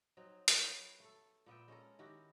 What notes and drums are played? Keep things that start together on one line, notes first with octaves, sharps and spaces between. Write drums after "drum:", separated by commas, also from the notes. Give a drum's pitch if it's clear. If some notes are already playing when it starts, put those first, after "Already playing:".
F#3 C4 D#4
F#3 A3 B3, drum: hi-hat
A3 A4
A#2 B3 E5 G5
G#3 C#4 A4 A#4
D#3 E4 F#4 G4